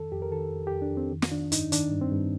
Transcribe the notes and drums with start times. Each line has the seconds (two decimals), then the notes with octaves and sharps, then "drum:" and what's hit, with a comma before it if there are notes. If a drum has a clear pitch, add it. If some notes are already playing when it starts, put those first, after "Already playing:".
Already playing: F2 D#3 A4
0.12 F2 G4
0.22 A#4
0.32 D#3 A4
0.52 F2
0.67 F2 G4
0.82 D4
0.92 F2
0.97 C4
1.12 D#3
1.22 drum: snare
1.32 D#3 D4
1.52 G2 D#4, drum: hi-hat
1.72 D#3 D4, drum: hi-hat
1.91 G2
2.01 C4
2.12 G2